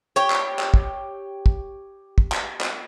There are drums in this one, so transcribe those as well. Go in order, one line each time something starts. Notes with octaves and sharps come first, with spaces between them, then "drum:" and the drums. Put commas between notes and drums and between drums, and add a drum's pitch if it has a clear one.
G4 C#5
drum: clap
drum: clap
drum: kick
drum: kick
drum: kick
drum: clap
drum: clap